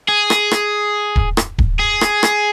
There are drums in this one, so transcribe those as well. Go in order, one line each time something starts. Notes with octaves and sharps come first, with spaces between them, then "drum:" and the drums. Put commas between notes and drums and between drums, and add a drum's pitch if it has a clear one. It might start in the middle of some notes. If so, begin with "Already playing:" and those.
G#4
drum: rim click
drum: rim click
drum: kick D1
drum: rim click
drum: kick D1
G#4
drum: rim click
drum: rim click